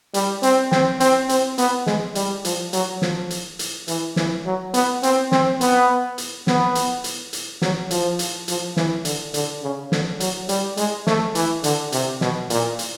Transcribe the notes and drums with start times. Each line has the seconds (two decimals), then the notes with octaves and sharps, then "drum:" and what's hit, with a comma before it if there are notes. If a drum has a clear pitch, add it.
0.14 G3, drum: hi-hat
0.43 C4, drum: hi-hat
0.72 C4, drum: snare
1.00 C4, drum: hi-hat
1.29 C4, drum: hi-hat
1.58 B3, drum: hi-hat
1.87 G#3, drum: snare
2.15 G3, drum: hi-hat
2.45 F3, drum: hi-hat
2.73 F#3, drum: hi-hat
3.02 F3, drum: snare
3.30 drum: hi-hat
3.59 drum: hi-hat
3.88 E3, drum: hi-hat
4.16 E3, drum: snare
4.45 F#3
4.74 B3, drum: hi-hat
5.03 C4, drum: hi-hat
5.32 C4, drum: snare
5.61 B3, drum: hi-hat
6.18 drum: hi-hat
6.47 B3, drum: snare
6.75 drum: hi-hat
7.04 drum: hi-hat
7.33 drum: hi-hat
7.62 F#3, drum: snare
7.91 F3, drum: hi-hat
8.19 drum: hi-hat
8.48 F3, drum: hi-hat
8.77 E3, drum: snare
9.05 D3, drum: hi-hat
9.34 D3, drum: hi-hat
9.63 C#3
9.92 D3, drum: snare
10.20 F#3, drum: hi-hat
10.49 G3, drum: hi-hat
10.77 G#3, drum: hi-hat
11.07 A3, drum: snare
11.35 E3, drum: hi-hat
11.64 D3, drum: hi-hat
11.92 C3, drum: hi-hat
12.21 B2, drum: snare
12.50 A#2, drum: hi-hat
12.79 drum: hi-hat